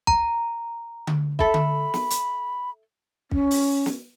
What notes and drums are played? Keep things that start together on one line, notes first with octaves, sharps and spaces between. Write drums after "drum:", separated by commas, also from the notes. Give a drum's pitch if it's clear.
A#5, drum: kick
drum: tom D3
A4 E5 B5, drum: kick
drum: tom D3
drum: snare
drum: hi-hat
C#4, drum: kick
drum: open hi-hat
drum: snare